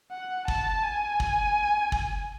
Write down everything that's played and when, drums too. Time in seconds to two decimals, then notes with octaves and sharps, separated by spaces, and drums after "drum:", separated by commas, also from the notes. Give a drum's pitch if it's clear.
0.12 F#5
0.48 A5, drum: kick
0.84 G#5
1.20 drum: kick
1.92 drum: kick